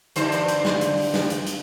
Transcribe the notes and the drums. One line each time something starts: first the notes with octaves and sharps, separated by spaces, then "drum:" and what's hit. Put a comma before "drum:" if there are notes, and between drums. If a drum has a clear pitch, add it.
G2 D3 C5, drum: hi-hat
drum: hi-hat
drum: hi-hat
drum: snare
drum: hi-hat
drum: open hi-hat
drum: snare
drum: hi-hat
drum: hi-hat